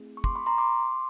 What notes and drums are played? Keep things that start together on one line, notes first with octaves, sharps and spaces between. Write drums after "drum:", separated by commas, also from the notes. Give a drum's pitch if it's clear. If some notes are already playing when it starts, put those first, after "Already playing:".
Already playing: A3 C4 E4 G#4
C#6
C6 D6, drum: kick
B5 C#6
A#5 C6
C6 D6